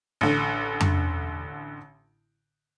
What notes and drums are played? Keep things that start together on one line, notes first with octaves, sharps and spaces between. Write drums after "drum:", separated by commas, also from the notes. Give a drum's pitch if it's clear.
A1 D3
drum: tom F2